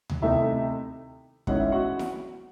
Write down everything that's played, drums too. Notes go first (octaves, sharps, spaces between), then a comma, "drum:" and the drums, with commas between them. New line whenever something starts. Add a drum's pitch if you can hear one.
drum: tom D2
C3 D#3 A3 D#4 E4 E5
D#3 G#3 C#4 E4 F#5, drum: kick
E5
F#4 F#5
drum: snare E4